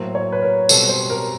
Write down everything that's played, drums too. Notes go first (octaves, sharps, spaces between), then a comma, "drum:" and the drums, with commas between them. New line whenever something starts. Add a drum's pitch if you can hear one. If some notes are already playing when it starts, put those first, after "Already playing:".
Already playing: A2 F#3 A#3 C5
C#5
B4
A#4
B2 G3 C4 A4, drum: tambourine
C5
A#4